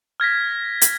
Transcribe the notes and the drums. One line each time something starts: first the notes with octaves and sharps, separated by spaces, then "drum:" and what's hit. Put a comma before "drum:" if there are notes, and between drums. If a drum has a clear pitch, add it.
F6 G#6 A#6 B6
drum: hi-hat